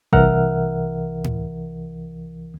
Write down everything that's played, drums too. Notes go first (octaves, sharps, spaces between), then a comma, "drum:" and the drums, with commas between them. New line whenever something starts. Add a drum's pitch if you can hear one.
C2 E3 A#4 E5 F#5 F6, drum: kick A1
drum: tom A2